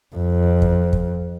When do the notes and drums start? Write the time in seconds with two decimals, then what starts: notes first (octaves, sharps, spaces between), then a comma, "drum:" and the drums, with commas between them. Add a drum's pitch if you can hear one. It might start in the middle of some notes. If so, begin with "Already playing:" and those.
0.15 F2
0.62 drum: kick
0.93 drum: kick